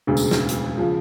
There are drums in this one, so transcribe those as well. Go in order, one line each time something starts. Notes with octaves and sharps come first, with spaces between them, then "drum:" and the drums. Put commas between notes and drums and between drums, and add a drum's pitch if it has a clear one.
E1 D2 C#3
drum: tambourine
drum: snare
drum: hi-hat
C#3 F3